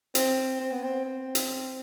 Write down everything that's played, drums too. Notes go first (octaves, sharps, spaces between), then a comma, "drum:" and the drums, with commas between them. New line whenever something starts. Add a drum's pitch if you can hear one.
C4, drum: hi-hat
C4
B3
C4
C4
drum: hi-hat